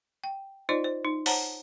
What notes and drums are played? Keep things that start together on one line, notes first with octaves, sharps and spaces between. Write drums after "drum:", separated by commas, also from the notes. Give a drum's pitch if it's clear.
G5
D#4 F4 C5 D5 D#5
C5
D#4
C5 C#5 F#5 A5 A#5, drum: open hi-hat